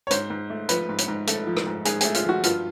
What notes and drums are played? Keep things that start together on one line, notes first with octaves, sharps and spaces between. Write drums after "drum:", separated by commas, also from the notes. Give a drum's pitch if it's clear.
C#5
G#2 C5, drum: hi-hat
G#2
A3
F3 B4, drum: hi-hat
G#2
drum: hi-hat
G#2
A3 A4, drum: hi-hat
F3
drum: rim click
G#2
G#2 G#4, drum: hi-hat
A3 G#4, drum: hi-hat
F4, drum: hi-hat
F3 F#4
G2 F4, drum: hi-hat